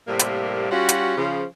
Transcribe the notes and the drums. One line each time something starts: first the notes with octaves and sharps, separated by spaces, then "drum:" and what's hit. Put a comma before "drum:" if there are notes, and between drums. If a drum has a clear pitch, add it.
A2 C3 G3 A#3
drum: hi-hat
G3 C#4 F4 F#4
drum: hi-hat
C#3 F3